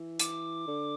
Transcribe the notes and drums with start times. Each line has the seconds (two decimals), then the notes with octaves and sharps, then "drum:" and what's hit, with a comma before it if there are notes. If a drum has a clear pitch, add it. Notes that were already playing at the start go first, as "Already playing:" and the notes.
Already playing: E3
0.19 D6, drum: hi-hat
0.67 D3